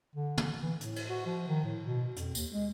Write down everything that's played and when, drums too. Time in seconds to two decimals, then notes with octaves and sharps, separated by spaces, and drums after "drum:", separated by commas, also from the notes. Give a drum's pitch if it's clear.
0.16 D3
0.38 drum: tom
0.62 E3
0.81 A2, drum: hi-hat
0.96 drum: cymbal
1.09 F#4
1.26 F3
1.48 D#3
1.65 A2
1.84 B2
2.16 F2, drum: hi-hat
2.35 D#2, drum: tambourine
2.51 G#3